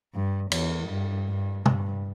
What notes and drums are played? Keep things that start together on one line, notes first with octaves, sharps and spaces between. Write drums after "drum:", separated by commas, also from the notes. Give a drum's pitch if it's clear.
G2
E2, drum: cymbal
G2
G2
G2, drum: tom